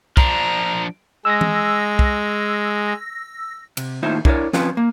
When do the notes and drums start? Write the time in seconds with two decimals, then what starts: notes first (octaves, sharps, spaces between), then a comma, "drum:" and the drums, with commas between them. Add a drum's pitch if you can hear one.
0.17 F3 D4 A#5, drum: kick
1.25 G#3 E6 A#6
1.41 drum: tom E3
1.99 drum: kick
3.77 C3, drum: cymbal
4.03 D#2 A2 D#4 F4 C5 E5
4.25 D4 E4 A#4 B4 C#5 D5, drum: kick
4.53 F3 C4 C#4 F4 B4 C5, drum: snare
4.77 A#3